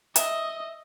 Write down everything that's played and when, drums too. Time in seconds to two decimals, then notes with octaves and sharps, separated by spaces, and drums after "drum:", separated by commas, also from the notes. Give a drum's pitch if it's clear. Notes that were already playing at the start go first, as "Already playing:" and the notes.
0.16 D#5 E5, drum: hi-hat